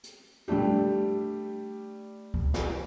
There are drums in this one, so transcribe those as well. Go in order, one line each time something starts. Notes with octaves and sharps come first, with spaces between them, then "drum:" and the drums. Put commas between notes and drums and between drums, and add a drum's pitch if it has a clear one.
drum: hi-hat
G3 A3 D4 G4
drum: kick C#2
drum: snare